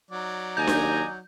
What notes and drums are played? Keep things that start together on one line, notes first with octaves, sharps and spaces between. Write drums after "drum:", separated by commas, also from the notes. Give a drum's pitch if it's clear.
F#3 D#4 D5
D#2 D#5 G#5 A#5 G6
drum: snare D4